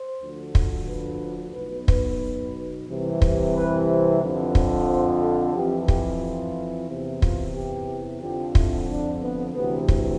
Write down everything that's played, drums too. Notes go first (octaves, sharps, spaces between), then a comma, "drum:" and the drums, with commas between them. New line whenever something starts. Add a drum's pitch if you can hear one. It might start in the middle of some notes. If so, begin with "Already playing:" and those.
Already playing: C5
D2 D3 F3
drum: kick
B4
B1 B2 B4
B4, drum: kick
C2 C3 E3
drum: kick
B4
C5
F2 D3 F3 B4
drum: kick
C5
A4
F2 E3 G4
G4, drum: kick
F4
E2 C3 E3 E4
F4, drum: kick
G4
F2 D3 F3 G4
E4, drum: kick
D4
B3
D2 C3 E3 B3
drum: kick